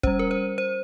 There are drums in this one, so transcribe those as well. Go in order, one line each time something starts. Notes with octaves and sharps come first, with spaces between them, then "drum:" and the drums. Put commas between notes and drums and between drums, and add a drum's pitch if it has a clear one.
G3 C#4 C5, drum: kick
A#4
C5
C5